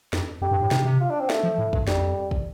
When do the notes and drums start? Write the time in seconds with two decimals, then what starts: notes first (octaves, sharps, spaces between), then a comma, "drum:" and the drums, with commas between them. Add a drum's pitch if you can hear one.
0.13 F2, drum: snare
0.42 F2 G4
0.51 G2
0.61 A2
0.71 C3, drum: snare
0.85 C3
1.00 F4
1.10 D4
1.20 C4
1.30 A3, drum: snare
1.43 F3
1.58 A2
1.73 G2, drum: kick
1.87 F2 G3, drum: snare
2.31 drum: kick